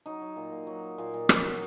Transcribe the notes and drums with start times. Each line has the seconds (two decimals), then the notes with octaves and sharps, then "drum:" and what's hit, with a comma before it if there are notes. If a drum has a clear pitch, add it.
0.06 F#3 D#4
0.21 F#3
0.37 A#2
0.52 A#2
0.67 F#3
0.83 F#3
0.98 A#2
1.14 A#2
1.29 F#3, drum: rim click
1.45 F#3